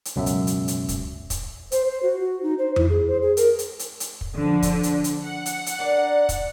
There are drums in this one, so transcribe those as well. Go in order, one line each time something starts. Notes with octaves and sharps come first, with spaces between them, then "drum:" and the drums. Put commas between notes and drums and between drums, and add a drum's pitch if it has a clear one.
drum: hi-hat
C#2 F#2 B2 F#3 E5
drum: hi-hat
drum: hi-hat
drum: hi-hat
drum: kick, hi-hat
drum: kick, hi-hat
C5, drum: hi-hat
C5
F#4
F#4
D#4
C5
E4, drum: tom F2
G#4
C5
G#4
A#4, drum: hi-hat
drum: hi-hat
drum: hi-hat
drum: hi-hat
drum: kick
D3 F3
drum: kick, hi-hat
drum: hi-hat
drum: hi-hat
F#5
drum: hi-hat
drum: hi-hat
D4 A#4 D5
drum: kick, hi-hat